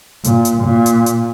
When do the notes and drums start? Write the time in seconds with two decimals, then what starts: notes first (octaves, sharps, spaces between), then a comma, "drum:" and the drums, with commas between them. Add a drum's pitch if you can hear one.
0.24 A#2, drum: hi-hat
0.45 drum: hi-hat
0.63 A#2
0.86 drum: hi-hat
1.06 drum: hi-hat